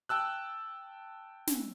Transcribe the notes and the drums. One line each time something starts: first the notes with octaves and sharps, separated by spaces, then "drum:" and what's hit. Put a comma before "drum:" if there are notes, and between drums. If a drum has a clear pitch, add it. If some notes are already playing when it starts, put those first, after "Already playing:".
G5 A5 E6 F#6
drum: snare